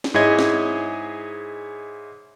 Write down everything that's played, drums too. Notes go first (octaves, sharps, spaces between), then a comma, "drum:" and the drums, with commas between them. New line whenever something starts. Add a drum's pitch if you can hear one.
drum: snare
G#2 E4 G#4 C#5 D#5 G#6
drum: snare